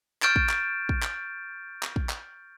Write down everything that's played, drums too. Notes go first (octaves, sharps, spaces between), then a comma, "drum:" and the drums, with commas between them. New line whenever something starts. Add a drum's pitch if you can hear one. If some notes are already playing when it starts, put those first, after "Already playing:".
C#6 F6 G6 A6 D7 E7, drum: clap
drum: kick
drum: clap
drum: kick
drum: clap
drum: clap
drum: kick
drum: clap